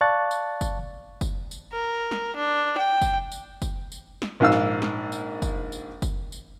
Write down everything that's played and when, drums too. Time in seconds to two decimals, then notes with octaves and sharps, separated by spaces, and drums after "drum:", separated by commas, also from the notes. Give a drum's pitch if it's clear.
0.01 D5 F5 A5 C#6 F#6 A6
0.31 drum: tambourine
0.61 drum: kick, tambourine
1.21 drum: kick, tambourine
1.51 drum: tambourine
1.73 A#4
2.11 drum: snare
2.36 D4
2.78 G5
3.02 drum: kick, tambourine
3.32 drum: tambourine
3.62 drum: kick, tambourine
3.92 drum: tambourine
4.22 drum: snare
4.40 A#1 G#2 F5 E6
4.52 drum: snare
4.82 drum: snare
5.12 drum: tambourine
5.42 drum: kick, tambourine
5.72 drum: tambourine
6.02 drum: kick, tambourine
6.32 drum: tambourine